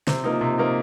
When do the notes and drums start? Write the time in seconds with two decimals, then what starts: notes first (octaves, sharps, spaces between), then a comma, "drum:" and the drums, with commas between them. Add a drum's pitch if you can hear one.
0.07 C3 C5, drum: snare
0.24 F3 A#3 D#4
0.41 C3
0.58 F3 A#3 D#4